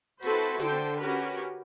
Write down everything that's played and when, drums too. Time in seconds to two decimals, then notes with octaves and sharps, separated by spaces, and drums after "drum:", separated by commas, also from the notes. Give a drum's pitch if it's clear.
0.22 C4 E4 F#4 A4 B4 C5, drum: hi-hat
0.60 D3 A4 C5 G5, drum: snare
0.98 C#4 F#4 G4 A#4 B4